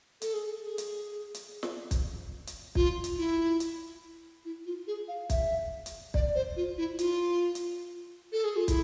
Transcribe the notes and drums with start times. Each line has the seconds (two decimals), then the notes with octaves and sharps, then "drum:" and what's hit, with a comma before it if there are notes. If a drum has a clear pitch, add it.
0.22 A4, drum: hi-hat
0.34 G#4
0.46 A4
0.64 G#4
0.78 drum: hi-hat
1.34 drum: hi-hat
1.63 drum: snare
1.91 drum: kick, hi-hat
2.47 drum: hi-hat
2.75 F4, drum: kick
3.04 drum: hi-hat
3.18 E4
3.60 drum: hi-hat
4.45 E4
4.66 F4
4.87 G#4
5.08 F5
5.30 E5, drum: kick, hi-hat
5.86 drum: hi-hat
6.14 D5, drum: kick
6.35 C5
6.56 F4
6.77 E4
6.99 F4, drum: hi-hat
7.55 drum: hi-hat
8.32 A4
8.44 G#4
8.56 F4
8.68 E4, drum: kick, hi-hat